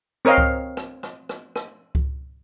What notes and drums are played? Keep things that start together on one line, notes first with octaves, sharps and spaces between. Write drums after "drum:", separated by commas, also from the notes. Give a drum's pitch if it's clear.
C4 A#4 C#5 D#5 F5
drum: kick C#2
drum: rim click
drum: rim click
drum: rim click
drum: rim click
drum: kick C#2